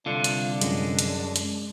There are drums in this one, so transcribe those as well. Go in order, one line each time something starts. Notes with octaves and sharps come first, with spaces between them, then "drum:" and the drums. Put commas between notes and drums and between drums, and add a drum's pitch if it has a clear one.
C2 D3 D4 F4
drum: hi-hat
F#2 G#3, drum: hi-hat
drum: hi-hat
drum: hi-hat